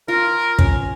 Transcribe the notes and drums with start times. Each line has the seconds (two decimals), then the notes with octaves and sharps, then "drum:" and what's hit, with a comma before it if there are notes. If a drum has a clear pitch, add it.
0.08 F4 A#4
0.59 C#4, drum: kick